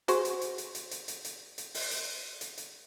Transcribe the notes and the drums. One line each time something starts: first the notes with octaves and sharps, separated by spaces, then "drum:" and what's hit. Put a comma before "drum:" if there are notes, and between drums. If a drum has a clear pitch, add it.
F#4 G#4 C5, drum: hi-hat
drum: hi-hat
drum: hi-hat
drum: hi-hat
drum: hi-hat
drum: hi-hat
drum: hi-hat
drum: hi-hat
drum: hi-hat
drum: open hi-hat
drum: hi-hat
drum: hi-hat
drum: hi-hat